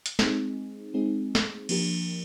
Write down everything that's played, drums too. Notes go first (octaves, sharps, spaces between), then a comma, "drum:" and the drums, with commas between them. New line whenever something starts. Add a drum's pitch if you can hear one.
drum: hi-hat
G#3 C4 D#4 G#4, drum: snare
G#3 C4 D#4 G#4
drum: snare
F3 A#3 D4 G4 A#4, drum: cymbal